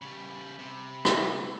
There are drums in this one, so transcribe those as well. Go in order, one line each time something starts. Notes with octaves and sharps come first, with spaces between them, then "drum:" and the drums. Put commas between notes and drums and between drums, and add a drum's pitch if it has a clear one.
C#3 G3 B5
C3
drum: rim click